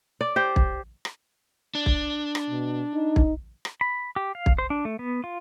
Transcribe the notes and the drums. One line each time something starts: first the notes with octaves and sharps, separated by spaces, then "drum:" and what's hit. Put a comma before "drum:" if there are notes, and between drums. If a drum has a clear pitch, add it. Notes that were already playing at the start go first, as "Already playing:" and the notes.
D5
G4 C5
drum: kick
drum: rim click
D4
drum: kick
drum: rim click
B2
D#4
drum: kick
drum: rim click
B5
G4
F5
drum: kick
C5
D4
A3
B3
F4